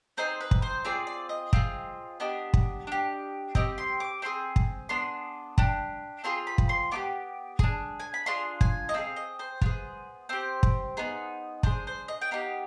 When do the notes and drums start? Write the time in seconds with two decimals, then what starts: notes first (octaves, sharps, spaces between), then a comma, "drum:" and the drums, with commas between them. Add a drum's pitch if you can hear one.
0.17 C4 D#4 G#4 C5
0.41 B4
0.51 drum: kick
0.62 C5
0.85 C4 F4 G#4 D5
1.07 D5
1.29 D#5
1.53 C4 F4 G#4, drum: kick
2.20 B3 D4 G4 D#5
2.54 drum: kick
2.87 D4 G4
3.55 C4 G4 D#5, drum: kick
3.78 C6
4.00 D6
4.22 C4 F4 G#4 C6
4.56 drum: kick
4.89 B3 D4 G#4 C6
5.58 D4 G4, drum: kick
6.24 C4 F4 G#4 C6
6.47 B5
6.58 drum: kick
6.69 C6
6.91 B3 D4 G4 D6
7.59 D4 G#4, drum: kick
8.00 G#5
8.14 B5
8.26 D4 F4 G#4 C6
8.61 G#5, drum: kick
8.89 D#5
8.94 C4 D#4 G#4 F5
9.16 D#5
9.39 C5
9.61 B3 F4 G#4, drum: kick
10.29 C4 G4 C5
10.63 drum: kick
10.97 B3 D#4 G#4
11.63 D4 G#4 C5, drum: kick
11.87 C5
12.08 D#5
12.22 G5
12.31 B3 D#4 G4 F5